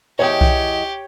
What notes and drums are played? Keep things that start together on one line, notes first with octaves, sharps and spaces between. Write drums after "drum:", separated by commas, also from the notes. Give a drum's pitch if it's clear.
E2 G4 C#5 D#5 G5
drum: kick B1